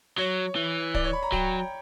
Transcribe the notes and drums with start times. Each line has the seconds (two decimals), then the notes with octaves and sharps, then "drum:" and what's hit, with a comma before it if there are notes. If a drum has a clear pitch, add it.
0.18 F#3 C#5
0.56 E3
0.94 D5, drum: kick D1
1.04 C#5
1.13 B5
1.23 A#5
1.32 F#3 G5, drum: kick D1